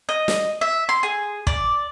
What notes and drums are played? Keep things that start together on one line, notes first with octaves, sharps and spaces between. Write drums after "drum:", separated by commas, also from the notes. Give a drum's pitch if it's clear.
D#5
drum: snare
E5
C6
G#4
D5, drum: kick